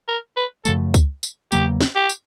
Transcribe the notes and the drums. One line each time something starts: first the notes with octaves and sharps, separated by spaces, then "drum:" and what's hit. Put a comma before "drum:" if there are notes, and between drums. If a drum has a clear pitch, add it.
A#4
B4
F#2 C#3 F3 A3 A4, drum: tambourine
drum: kick C#2, tambourine
drum: tambourine
E2 C#3 F#3 A#3 G4, drum: tambourine
drum: snare
G4
drum: tambourine